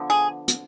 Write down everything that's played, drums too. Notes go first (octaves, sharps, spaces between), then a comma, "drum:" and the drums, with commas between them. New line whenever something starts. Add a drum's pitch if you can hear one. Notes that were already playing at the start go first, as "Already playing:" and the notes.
Already playing: D3 F3 B3
G#4
drum: hi-hat